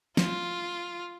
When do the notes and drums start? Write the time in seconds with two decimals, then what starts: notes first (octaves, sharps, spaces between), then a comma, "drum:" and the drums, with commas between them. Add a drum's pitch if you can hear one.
0.17 F4, drum: snare